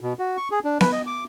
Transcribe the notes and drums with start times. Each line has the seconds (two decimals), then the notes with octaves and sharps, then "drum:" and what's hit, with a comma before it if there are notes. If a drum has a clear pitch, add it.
0.01 B2
0.19 F#4
0.37 C#6
0.51 G#4
0.64 D4
0.81 B4, drum: snare B3
0.92 D#5
1.07 D6